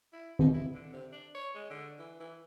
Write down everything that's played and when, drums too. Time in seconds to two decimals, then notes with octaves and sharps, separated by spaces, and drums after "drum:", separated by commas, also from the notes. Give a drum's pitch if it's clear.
0.13 E4
0.39 D#4, drum: tom D#3
0.53 E4
0.74 D3
0.93 C3
1.12 D4
1.34 C#5
1.55 G#3
1.70 D3
1.99 E3
2.20 E3